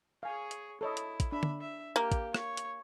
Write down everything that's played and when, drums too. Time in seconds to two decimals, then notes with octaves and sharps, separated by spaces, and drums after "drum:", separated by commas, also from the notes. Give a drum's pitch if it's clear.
0.23 G#4 C#5 F5 G#5
0.51 drum: hi-hat
0.81 E4 A4 C#5 D#5
0.97 drum: hi-hat
1.20 drum: kick, hi-hat
1.32 D4 E5 B5
1.43 drum: tom D3
1.61 E5
1.96 A#3 G4
2.12 drum: kick, hi-hat
2.34 C#5, drum: rim click
2.57 drum: hi-hat